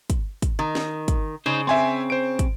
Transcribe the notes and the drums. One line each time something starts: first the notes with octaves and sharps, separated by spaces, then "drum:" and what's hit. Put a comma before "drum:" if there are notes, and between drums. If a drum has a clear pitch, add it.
drum: kick, hi-hat
drum: kick, hi-hat
D#3
drum: snare
drum: kick, hi-hat
C#3 D#4 C5
C4 E5 G#5 C6
C5 D7
drum: kick, hi-hat